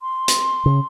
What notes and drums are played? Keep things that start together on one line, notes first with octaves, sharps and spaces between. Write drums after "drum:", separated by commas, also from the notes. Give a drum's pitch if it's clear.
C6
drum: hi-hat
C#3